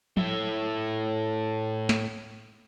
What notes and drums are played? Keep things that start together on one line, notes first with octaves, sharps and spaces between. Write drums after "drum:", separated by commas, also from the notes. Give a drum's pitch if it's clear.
A2 E5, drum: tom
drum: snare